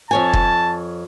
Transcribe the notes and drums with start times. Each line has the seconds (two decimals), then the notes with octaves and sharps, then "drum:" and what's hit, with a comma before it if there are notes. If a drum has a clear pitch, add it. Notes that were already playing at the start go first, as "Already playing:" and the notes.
0.11 F2 C#5 G#5 A5
0.33 drum: kick F1